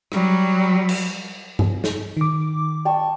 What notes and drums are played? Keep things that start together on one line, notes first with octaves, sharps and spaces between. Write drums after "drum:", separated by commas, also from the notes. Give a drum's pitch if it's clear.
F#3 G3, drum: rim click
drum: cymbal
drum: tom G2
drum: snare
D#3 D6
G5 A5 C#6